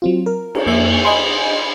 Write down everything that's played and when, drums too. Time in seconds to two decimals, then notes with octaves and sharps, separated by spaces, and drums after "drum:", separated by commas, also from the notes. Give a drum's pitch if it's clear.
0.02 F#3 C4 F4
0.26 A#4
0.55 drum: cymbal
0.66 F2 A#3 E5 G#5
1.05 D#5 G#5 B5 C6